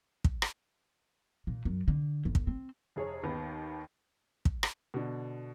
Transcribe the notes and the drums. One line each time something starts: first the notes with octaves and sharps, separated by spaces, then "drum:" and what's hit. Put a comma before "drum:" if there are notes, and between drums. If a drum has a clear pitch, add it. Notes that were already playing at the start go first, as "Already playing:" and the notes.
drum: kick
drum: rim click
A#2
F#2
D3
G1
drum: kick
C4
F1 G#4 C#5
D#2 D#3 B3
drum: kick
drum: rim click
B2 D3